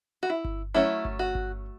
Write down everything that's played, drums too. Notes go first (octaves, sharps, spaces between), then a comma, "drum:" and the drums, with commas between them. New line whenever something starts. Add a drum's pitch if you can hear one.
F#4
E4
drum: kick G1
F#3 A3 C#4 E4
drum: kick G1
F#4
drum: kick G1